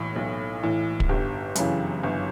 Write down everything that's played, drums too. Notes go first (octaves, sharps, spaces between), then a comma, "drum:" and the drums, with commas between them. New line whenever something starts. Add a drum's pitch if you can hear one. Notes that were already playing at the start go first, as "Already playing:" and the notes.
Already playing: B1 A2 E3
B1
A2 E3
drum: kick
G1 G4
F#2 C#3 E3, drum: hi-hat
G1